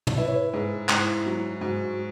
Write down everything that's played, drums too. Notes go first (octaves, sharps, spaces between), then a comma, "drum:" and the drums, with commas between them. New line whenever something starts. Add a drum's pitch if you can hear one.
drum: tom
E4 B4
C#5
B4
G#2 G#4
G#2 E4, drum: clap
F#3
G#2 F#4